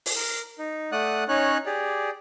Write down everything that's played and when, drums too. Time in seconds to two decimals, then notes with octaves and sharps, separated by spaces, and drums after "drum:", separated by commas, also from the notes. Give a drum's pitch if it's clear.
0.06 drum: open hi-hat
0.16 A#4
0.59 D#4
0.92 A3 D5 F#5 D#6 F#6
1.28 C#4 D#4 C#5 F#6
1.66 G4 G#4 D5